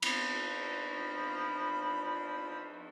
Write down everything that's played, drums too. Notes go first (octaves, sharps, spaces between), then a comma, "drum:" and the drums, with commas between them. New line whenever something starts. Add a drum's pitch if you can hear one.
F3 B5, drum: cymbal